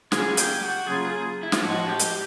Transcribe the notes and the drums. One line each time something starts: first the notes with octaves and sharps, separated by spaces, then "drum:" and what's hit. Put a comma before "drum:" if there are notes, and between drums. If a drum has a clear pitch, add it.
C#3 F#3 A#3 C#4 F4 G#4, drum: snare
F#4
G4, drum: hi-hat
F#4
C#3 F#3 A#3 C#4 F4 G#4
G#4
E4
F4, drum: snare
A2 F3 G#3 F#4
F#4
G4
drum: hi-hat